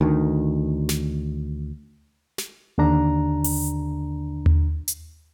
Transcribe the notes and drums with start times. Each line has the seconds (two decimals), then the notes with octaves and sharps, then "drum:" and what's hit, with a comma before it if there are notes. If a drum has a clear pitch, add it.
0.01 D2 D#3
0.89 drum: snare
2.38 drum: snare
2.78 D#2 D3 D4 A#5
3.44 drum: open hi-hat
4.46 drum: tom D#2
4.88 drum: hi-hat